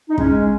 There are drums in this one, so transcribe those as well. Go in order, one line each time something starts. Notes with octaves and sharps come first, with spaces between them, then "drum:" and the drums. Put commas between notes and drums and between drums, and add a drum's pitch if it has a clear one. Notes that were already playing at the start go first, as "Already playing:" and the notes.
D#4
G#3 C#4, drum: kick